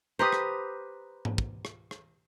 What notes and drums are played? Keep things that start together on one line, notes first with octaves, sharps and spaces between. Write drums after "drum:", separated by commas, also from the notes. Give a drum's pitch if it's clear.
G4 B4 C5 A#5 D#6
drum: rim click
drum: tom G#2
drum: kick
drum: rim click
drum: rim click